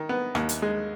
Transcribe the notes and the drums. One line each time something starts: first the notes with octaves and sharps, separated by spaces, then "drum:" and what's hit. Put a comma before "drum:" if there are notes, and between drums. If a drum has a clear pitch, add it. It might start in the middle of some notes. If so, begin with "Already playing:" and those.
Already playing: D#3
B3
D#2, drum: rim click
drum: hi-hat
G#3